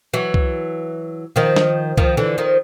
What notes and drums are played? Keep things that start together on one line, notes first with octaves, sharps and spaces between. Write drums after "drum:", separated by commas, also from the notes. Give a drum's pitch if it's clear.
E3 F#3
drum: kick C2
D#3 F3
drum: snare
D#3 F3, drum: kick C2
D3 E3
D#3 F3